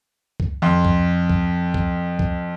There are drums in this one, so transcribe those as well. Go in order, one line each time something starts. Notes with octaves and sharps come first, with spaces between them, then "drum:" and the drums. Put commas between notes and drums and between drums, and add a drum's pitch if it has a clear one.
drum: kick
F2 C6
drum: kick
drum: kick
drum: kick
drum: kick